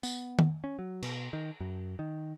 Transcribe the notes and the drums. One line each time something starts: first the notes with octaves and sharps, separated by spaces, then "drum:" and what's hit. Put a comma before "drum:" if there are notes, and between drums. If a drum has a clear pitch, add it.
B3, drum: tambourine
drum: tom D#3
C#4
F#3
B2, drum: cymbal
D#3
F#2
D#3